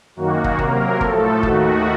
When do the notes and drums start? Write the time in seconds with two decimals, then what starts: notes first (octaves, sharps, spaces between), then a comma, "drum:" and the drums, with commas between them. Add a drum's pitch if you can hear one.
0.16 F#2 D#3 A#3 F#4
0.44 drum: kick
0.59 C3 F#3 A#3 A#4, drum: kick
1.01 A2 F3 A3 A4, drum: kick
1.43 D#2 D#3 A3 F#4, drum: kick